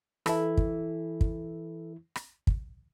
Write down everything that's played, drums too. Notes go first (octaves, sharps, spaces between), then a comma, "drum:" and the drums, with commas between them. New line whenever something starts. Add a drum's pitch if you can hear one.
E3 E4 A4, drum: rim click
drum: kick
drum: kick
drum: rim click
drum: kick